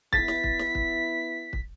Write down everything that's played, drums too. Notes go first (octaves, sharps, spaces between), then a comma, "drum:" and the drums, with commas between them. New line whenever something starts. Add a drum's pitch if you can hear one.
B3 E4 A6 B6, drum: kick
drum: snare
drum: kick
drum: snare
drum: kick
drum: kick